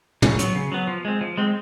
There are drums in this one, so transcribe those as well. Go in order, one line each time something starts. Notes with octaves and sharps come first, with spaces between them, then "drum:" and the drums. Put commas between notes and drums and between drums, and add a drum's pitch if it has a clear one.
C#3, drum: tom
F#3 B3, drum: hi-hat
C#3
F#3 B3
F3
G#3 C4
F3
G#3 C4